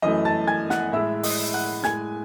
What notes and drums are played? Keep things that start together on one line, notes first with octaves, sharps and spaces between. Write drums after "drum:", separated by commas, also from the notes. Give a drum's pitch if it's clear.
F#2 E3 A3 D#5 D#6
A5 A6
G#5 G#6
F#5 F#6, drum: snare
A2 G#3 E5 E6
D#5 D#6, drum: open hi-hat
F#5 F#6
A2 G#3 G#5 G#6, drum: snare